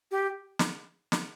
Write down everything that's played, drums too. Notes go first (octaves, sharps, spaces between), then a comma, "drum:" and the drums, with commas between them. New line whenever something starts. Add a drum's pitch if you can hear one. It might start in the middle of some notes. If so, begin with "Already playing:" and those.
G4
drum: snare
drum: snare